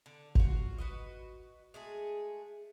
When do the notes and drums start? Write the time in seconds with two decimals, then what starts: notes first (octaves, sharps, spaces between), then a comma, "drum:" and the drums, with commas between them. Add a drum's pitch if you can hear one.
0.06 D3
0.35 F4 F#4, drum: kick G#1
0.78 F#4 B4 D#5
1.74 G#3 A3 G#4